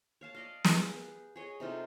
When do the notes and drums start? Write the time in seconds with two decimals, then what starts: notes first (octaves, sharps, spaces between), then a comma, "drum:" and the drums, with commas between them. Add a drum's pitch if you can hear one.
0.21 C#5 F5 A5
0.35 D5 D#5 F5
0.65 G4 G#4 B4, drum: snare
1.36 G#4 C#5 D#5
1.60 C3 D#4 F4 A4